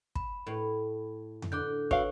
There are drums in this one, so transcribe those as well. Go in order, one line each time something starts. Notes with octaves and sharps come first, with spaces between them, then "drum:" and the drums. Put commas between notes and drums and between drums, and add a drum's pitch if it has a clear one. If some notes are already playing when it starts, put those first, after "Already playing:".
B5, drum: kick
A2
drum: tom F2
D3 D6 F#6 G6
F#4 B4 C#5 F5 C#6, drum: kick